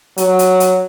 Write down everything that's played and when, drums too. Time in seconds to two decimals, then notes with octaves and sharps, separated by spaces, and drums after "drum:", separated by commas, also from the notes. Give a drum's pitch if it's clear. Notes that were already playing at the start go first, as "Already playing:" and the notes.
0.18 F#3, drum: hi-hat
0.39 drum: hi-hat
0.60 drum: hi-hat